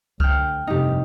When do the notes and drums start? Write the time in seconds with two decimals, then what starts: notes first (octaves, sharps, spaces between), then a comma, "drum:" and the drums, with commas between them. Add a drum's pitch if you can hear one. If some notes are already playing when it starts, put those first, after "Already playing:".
0.20 D2 G5 F6, drum: kick C#2
0.67 F1 G2 D#4 G4